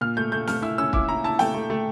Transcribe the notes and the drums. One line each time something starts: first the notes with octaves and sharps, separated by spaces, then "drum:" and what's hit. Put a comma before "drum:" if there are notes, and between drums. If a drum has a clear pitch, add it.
A#2 F6
A3 G6
A3 G6
A3 F6, drum: snare
E4 E6
C#4 E6
E4 D6, drum: kick
E4 A#5
E4 A5
A3 G5, drum: snare
A3
A3